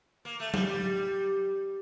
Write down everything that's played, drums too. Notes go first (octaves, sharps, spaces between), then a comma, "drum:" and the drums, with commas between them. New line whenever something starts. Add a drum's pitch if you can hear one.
A#3
A3
G3, drum: tom F#3
G3